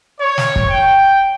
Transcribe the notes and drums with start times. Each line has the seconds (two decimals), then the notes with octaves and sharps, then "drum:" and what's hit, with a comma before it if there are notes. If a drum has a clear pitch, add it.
0.20 C#5
0.38 drum: snare
0.56 drum: kick
0.69 G5